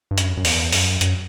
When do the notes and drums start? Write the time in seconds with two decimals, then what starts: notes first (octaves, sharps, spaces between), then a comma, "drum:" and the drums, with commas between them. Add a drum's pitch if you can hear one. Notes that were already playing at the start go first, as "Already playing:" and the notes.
0.11 G2
0.18 F#2, drum: hi-hat
0.37 F#2
0.45 E2, drum: open hi-hat
0.72 F#2, drum: open hi-hat
1.01 F#2, drum: hi-hat